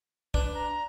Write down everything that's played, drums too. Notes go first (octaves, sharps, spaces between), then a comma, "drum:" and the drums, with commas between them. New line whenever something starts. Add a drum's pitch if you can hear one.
D4 B4, drum: kick
A#5